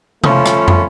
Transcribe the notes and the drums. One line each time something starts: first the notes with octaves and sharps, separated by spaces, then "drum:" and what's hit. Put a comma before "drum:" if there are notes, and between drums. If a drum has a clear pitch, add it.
F3 A3 C#4 F4 B5, drum: tom C3
drum: rim click
drum: tom